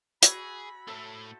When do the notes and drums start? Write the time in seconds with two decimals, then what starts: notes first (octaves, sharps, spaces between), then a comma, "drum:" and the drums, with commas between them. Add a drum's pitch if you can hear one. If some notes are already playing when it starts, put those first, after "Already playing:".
0.23 F#4 G#4 G#5 B5 E6, drum: hi-hat
0.87 A2 A3 A4 C5 E5